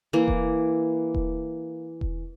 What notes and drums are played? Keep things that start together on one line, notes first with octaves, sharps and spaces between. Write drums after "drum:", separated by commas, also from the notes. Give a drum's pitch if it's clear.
E3 A#3
drum: kick E1
drum: kick E1
drum: kick E1